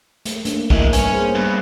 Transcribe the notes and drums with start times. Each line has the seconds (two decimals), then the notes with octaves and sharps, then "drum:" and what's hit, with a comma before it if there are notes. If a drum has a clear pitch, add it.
0.25 A3, drum: hi-hat
0.45 A3 A#3 D4, drum: hi-hat
0.70 E3 G#3 E4 A#4 E5, drum: kick
0.93 G3 C#4 B4 C#5, drum: hi-hat
1.13 A#3 G#4 C5
1.35 G2 B3